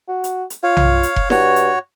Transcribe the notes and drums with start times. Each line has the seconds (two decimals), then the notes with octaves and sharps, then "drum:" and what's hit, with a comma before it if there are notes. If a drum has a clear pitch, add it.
0.08 F#4
0.24 drum: hi-hat
0.50 drum: hi-hat
0.63 F4 C#5 F5
0.77 drum: tom B1
1.03 drum: hi-hat
1.16 drum: kick F1
1.30 G2 F#4 C#5, drum: snare E4
1.56 drum: hi-hat